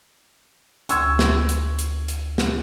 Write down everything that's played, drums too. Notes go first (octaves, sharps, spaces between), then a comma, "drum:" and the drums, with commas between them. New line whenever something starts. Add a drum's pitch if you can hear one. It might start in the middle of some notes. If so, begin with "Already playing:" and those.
D2 C6 C#6 E6 G#6, drum: hi-hat
drum: snare
drum: hi-hat
drum: hi-hat
drum: hi-hat
drum: snare